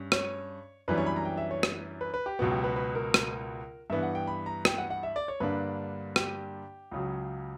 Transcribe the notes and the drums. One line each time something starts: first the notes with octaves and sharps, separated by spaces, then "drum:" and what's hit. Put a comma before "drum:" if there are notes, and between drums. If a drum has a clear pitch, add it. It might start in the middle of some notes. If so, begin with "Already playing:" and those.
Already playing: G2 C#4
C#5, drum: rim click
F#2 E3 G3 B3 D4 B4
C#5
B5
A#5
G5
E5
C#5
drum: rim click
B4
B4
G4
C#2 B2 F#3 B3 F#4
G4
B4
B4
A#4
drum: rim click
G2 E3 B3 E5
F#5
G5
B5
A#5
G5, drum: rim click
F#5
F#5
E5
D5
C#5
G2 D3 A#3 D4 B4
G4, drum: rim click
C#2 C#3 F#3